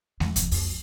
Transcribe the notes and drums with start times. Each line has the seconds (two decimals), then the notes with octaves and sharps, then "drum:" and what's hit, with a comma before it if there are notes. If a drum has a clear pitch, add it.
0.20 F2, drum: snare G#3
0.36 F2, drum: kick C2, hi-hat
0.51 F2, drum: open hi-hat